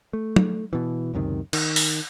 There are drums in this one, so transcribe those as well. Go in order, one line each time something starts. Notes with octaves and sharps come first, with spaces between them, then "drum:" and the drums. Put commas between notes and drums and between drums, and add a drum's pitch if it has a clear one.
A3
drum: tom
B2 E3
C#2 F#2 C3 D#3
D#3, drum: cymbal
drum: open hi-hat